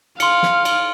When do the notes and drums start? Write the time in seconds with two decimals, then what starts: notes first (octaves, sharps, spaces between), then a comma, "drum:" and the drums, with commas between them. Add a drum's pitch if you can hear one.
0.20 F5 C6 C#7, drum: cymbal
0.43 drum: snare
0.65 drum: cymbal